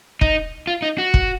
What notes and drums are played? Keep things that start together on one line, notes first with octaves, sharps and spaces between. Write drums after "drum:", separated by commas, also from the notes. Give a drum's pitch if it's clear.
D#4, drum: kick
F4
D#4
F#4
drum: kick